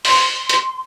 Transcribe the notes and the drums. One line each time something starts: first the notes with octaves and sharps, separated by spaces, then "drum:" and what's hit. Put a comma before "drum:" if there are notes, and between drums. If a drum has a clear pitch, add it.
C6, drum: open hi-hat
drum: hi-hat